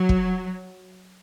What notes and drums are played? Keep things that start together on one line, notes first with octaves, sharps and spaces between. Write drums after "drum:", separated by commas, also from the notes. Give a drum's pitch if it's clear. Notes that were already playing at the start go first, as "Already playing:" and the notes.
Already playing: F#3
drum: kick